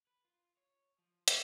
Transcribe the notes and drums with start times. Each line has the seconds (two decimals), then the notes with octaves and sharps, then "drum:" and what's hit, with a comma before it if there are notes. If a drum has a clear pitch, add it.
0.07 B4
0.25 F4
0.57 C#5
0.99 F3
1.28 A4 D5, drum: hi-hat